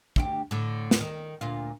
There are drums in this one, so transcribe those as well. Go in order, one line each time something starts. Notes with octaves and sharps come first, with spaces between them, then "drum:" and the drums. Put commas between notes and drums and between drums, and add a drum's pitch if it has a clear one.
D2 E4 G4, drum: kick
A2 D3
drum: snare
D#3
D2 A#2 F4